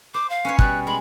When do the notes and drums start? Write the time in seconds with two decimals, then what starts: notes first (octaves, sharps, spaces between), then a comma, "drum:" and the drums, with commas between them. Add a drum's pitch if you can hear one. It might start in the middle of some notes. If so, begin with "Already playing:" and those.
0.14 C5 D6
0.30 F5
0.45 C#4 B4 C#5
0.59 B2 G3 F#6, drum: kick
0.87 G#3 B5